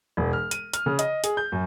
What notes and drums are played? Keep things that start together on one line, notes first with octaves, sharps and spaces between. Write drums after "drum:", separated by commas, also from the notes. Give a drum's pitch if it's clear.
E1
F6
D#7, drum: hi-hat
F6, drum: hi-hat
C#3
D#5, drum: hi-hat
G#4, drum: hi-hat
G6
F#2